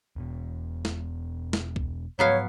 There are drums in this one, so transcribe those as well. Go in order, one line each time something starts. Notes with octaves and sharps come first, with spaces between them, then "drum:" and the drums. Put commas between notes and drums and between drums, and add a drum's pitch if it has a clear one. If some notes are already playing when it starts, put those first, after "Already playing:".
E1 B2
drum: snare
drum: snare
drum: kick C2
G#2 F3 F#3 G#3 B3 C#5 F5